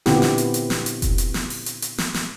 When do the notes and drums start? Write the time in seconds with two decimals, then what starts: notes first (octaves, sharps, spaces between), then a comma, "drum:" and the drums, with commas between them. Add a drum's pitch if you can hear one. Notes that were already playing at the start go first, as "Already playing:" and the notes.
0.06 A#2 D3 B3 C4 E4 G4, drum: snare
0.22 drum: snare
0.38 drum: hi-hat
0.54 drum: hi-hat
0.70 drum: snare
0.86 drum: hi-hat
1.02 drum: kick F1, hi-hat
1.18 drum: hi-hat
1.34 drum: snare
1.50 drum: open hi-hat
1.66 drum: hi-hat
1.82 drum: hi-hat
1.98 drum: snare
2.14 drum: snare